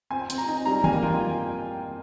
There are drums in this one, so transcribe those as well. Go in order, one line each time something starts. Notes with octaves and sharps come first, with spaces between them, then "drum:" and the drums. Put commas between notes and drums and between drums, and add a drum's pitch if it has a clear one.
C4 G#5
C4, drum: hi-hat
A#5
D#4
G3 A#5
A#3 G#5, drum: tom
F4 G5